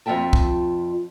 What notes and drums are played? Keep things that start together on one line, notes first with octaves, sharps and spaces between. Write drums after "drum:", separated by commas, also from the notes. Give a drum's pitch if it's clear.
F2 F4 E5 G5 A5
drum: kick